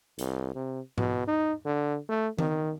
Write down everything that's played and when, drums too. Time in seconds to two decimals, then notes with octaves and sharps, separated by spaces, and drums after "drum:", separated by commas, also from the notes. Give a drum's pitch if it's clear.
0.19 C2, drum: hi-hat
0.55 C3
0.98 B2, drum: tom G#2
1.28 D#4
1.65 D3
2.09 A3
2.39 D#3, drum: tom D#3